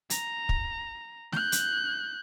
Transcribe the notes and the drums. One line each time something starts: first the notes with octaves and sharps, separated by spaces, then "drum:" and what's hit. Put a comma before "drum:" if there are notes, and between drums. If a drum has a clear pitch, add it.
A#5, drum: hi-hat
drum: kick
F#6 G6, drum: snare A3
drum: hi-hat